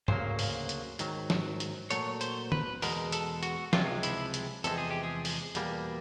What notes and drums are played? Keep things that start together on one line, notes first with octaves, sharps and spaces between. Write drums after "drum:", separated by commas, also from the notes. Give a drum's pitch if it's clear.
D2 C#3 F#3 A#3 C5, drum: tom
drum: open hi-hat
drum: hi-hat
G#2 D#3 F#3, drum: hi-hat
drum: snare
drum: hi-hat
A#2 F#3 A3 C#5, drum: hi-hat
C5, drum: hi-hat
B4, drum: tom
E2 B2 G#3 A#4, drum: open hi-hat
A4, drum: hi-hat
F#4, drum: hi-hat
C#2 C3 F3 G#3 F4, drum: snare
E4, drum: hi-hat
drum: hi-hat
E2 C3 F3 G#3 A4, drum: hi-hat
G#4
G4
G#4
drum: open hi-hat
E2 B2 G3 A#3, drum: hi-hat